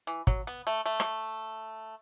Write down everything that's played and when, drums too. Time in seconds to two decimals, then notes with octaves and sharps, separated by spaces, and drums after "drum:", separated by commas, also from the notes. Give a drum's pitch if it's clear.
0.07 E3
0.27 F#3, drum: kick
0.47 B3
0.67 A3
0.86 A3
1.00 drum: rim click